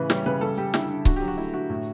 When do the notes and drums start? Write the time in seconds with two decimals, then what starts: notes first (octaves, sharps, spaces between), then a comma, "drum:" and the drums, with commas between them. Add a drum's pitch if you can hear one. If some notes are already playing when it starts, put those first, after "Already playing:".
Already playing: A2 C#3 E3 B4
0.10 G3 C#5, drum: snare
0.26 C#3 B4
0.41 G3 A4
0.57 G3 G4
0.74 D3 E4, drum: snare
0.90 D3
1.05 D3 F#4, drum: kick C#1
1.16 G4
1.21 F#3
1.28 F#4
1.37 A3 E4
1.54 D3 F#4
1.70 A2